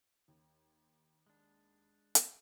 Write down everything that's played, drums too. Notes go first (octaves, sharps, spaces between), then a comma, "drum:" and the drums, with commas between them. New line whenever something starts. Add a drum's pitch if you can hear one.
D#2
G#3 D4
drum: hi-hat